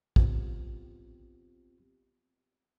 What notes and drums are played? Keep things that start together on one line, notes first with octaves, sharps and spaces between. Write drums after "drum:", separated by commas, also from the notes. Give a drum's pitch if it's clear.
B3 C4 F4 G4, drum: kick A#1